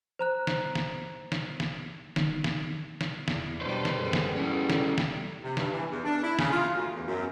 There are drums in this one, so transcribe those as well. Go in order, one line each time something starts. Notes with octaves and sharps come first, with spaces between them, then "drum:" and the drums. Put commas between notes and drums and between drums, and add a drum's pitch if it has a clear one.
C5 A#5 F#6
drum: snare
drum: snare
drum: snare
drum: snare
D#3 C4, drum: snare
drum: snare
drum: snare
E2, drum: snare
B2 D3 G3 D4 B4 C5
drum: snare
F#2 G3 B3 G#4 A4
drum: snare
G3 C#4 E4
drum: snare
drum: snare
C3
G2, drum: snare
E3
E2
D4
E4
C#3, drum: snare
F4
D2
E2
F#2